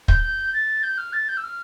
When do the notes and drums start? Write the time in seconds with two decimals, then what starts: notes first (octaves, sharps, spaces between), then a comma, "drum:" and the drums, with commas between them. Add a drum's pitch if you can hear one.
0.08 G6, drum: kick
0.23 G6
0.53 A6
0.83 G6
0.98 F6
1.13 A6
1.29 G6
1.37 E6
1.44 F6